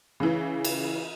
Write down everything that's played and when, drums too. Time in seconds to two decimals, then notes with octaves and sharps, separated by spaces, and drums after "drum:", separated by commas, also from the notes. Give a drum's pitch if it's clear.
0.20 C#3 E3
0.65 drum: cymbal